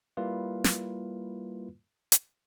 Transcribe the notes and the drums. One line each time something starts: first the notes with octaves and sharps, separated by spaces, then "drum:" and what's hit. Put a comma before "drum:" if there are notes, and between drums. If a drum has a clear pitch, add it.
G3 A#3 E4 F4 B4
drum: snare
drum: hi-hat